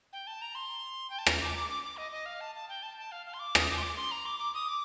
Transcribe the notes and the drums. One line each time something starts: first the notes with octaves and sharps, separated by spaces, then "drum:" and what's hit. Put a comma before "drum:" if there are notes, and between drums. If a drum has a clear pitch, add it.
G5
A5
A#5
C6
G5
A5
A#5, drum: rim click
D6
D6
D6
D6
D#5
D#5
F5
A5
A5
G5
A5
A5
F5
F5
C6
D6
D#6, drum: rim click
D6
C6
D6
C6
A#5
D6
D6
D#6
D6